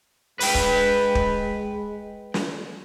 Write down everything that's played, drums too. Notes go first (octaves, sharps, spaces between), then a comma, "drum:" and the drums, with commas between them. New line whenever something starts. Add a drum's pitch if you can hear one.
G#3 B4 G5, drum: open hi-hat
drum: kick
drum: kick
drum: snare